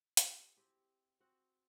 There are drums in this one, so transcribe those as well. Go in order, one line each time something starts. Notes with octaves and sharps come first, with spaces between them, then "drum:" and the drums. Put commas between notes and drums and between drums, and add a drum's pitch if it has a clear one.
C4 F#4 G#4, drum: hi-hat
C4 E4 G4
C4 F#4 F#5